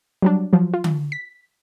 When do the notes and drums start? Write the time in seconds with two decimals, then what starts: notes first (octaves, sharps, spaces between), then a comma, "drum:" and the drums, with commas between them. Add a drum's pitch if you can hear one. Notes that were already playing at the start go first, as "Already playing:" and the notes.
0.22 F#3 G3 D4
0.53 F3 F#3
0.74 F4
0.84 drum: tom D3
1.12 B6